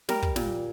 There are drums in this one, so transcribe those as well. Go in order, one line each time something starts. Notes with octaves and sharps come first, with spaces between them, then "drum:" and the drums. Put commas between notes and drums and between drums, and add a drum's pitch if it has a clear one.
G3 A#4, drum: snare
drum: kick
A#2, drum: snare